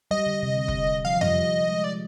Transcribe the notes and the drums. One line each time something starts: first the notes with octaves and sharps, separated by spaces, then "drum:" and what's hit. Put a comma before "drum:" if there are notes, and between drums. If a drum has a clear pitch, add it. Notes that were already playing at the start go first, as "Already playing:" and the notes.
G3 D#5
D3
C3
D3
drum: kick
F3 F5
F3
G3 D#5, drum: tom F2
G#3
D5